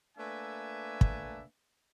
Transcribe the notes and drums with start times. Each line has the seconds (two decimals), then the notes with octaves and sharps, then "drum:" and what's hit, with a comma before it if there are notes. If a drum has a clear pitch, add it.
0.17 A3 A#3 D4 B4 E5 G#5
1.01 drum: kick